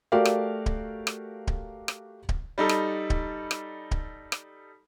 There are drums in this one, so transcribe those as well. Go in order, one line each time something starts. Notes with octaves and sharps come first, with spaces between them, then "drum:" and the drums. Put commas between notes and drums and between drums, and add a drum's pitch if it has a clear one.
A3 F#4 G4 A#4 D5 F5
drum: rim click
drum: kick D1
drum: rim click
drum: kick D1
drum: rim click
drum: kick D1
G3 D#4 A4
drum: rim click
drum: kick D1
drum: rim click
drum: kick D1
drum: rim click